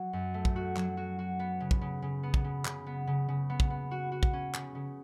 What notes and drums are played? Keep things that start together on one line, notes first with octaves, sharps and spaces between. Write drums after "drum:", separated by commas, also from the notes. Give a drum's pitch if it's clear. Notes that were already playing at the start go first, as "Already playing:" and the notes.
Already playing: F#3 F#4
F#2
A3
drum: kick
F#4
F#3, drum: clap
F#4
F#4
B3
C#3
drum: kick
C#3
C#3
B3
drum: kick
C#3
C#3, drum: clap
B3
C#3
C#3
B3
drum: kick
B3
F#4
F#4
drum: kick
C#4
C#3, drum: clap
C#3